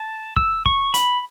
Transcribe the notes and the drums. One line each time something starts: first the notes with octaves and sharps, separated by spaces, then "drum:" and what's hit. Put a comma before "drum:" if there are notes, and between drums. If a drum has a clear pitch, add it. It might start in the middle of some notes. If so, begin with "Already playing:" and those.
Already playing: A5
E6, drum: kick
C#6, drum: kick
B5, drum: hi-hat